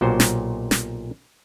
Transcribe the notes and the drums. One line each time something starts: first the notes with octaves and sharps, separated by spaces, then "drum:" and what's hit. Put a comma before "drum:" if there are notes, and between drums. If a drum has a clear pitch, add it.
B1 A#2 F#4 G4 C5 G5
drum: snare
drum: snare